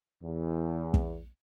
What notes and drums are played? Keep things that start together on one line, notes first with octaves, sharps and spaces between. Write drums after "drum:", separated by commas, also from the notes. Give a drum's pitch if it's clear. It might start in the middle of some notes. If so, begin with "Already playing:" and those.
E2
drum: kick